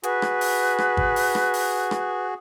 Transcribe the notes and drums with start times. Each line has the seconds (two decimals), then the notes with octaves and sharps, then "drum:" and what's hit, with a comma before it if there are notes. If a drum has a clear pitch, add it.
0.03 F#4 G#4 B4, drum: hi-hat
0.22 drum: rim click
0.41 drum: open hi-hat
0.78 drum: rim click
0.97 drum: kick
1.16 drum: open hi-hat
1.35 drum: rim click
1.54 drum: open hi-hat
1.91 drum: rim click